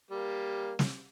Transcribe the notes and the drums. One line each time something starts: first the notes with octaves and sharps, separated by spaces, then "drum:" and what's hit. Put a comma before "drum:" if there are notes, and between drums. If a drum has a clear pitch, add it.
G3 A#3
drum: snare